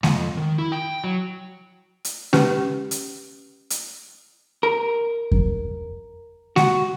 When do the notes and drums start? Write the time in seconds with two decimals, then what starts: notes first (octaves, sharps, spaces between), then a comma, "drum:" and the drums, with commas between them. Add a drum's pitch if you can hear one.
0.03 F2, drum: snare G#3
0.37 D#3
0.58 E4
0.72 G5
1.04 F#3
2.05 drum: hi-hat
2.33 C#4 G4 B4, drum: snare G#3
2.91 drum: hi-hat
3.70 drum: hi-hat
4.63 A#4
5.32 drum: kick F2
6.56 F#4, drum: snare G#3